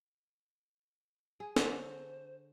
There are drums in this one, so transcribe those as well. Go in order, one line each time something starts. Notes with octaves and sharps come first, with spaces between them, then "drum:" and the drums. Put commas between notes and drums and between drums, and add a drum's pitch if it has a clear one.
G#4 G#5
D3 C5 C#5, drum: snare